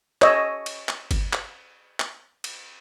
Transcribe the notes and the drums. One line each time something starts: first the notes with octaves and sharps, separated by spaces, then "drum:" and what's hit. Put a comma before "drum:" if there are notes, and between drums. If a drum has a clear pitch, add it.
C#5 D#5 E6, drum: clap
drum: cymbal
drum: clap
drum: kick G1, cymbal
drum: clap
drum: clap
drum: cymbal